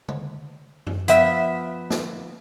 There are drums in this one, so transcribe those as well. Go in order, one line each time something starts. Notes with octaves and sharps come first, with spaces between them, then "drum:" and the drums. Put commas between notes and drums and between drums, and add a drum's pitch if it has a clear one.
drum: tom C#3
drum: tom F#2
F3 B3 E5, drum: hi-hat
drum: snare